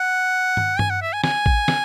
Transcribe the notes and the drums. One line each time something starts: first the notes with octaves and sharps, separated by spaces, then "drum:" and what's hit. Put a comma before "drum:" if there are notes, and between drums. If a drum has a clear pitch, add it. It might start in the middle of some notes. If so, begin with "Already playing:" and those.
Already playing: F#5
drum: tom
G#5, drum: tom G2
F#5
E5
G#5
G#5, drum: snare
drum: kick A1
drum: snare